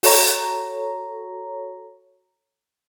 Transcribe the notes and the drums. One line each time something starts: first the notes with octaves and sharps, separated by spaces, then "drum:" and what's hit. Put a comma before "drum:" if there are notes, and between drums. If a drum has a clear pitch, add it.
F#4 A4 C#5 A#5, drum: open hi-hat